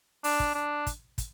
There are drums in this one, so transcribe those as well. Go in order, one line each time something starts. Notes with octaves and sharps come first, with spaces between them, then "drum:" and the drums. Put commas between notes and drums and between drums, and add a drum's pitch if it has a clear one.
D4, drum: open hi-hat
drum: kick
D4
drum: kick, hi-hat
drum: kick, hi-hat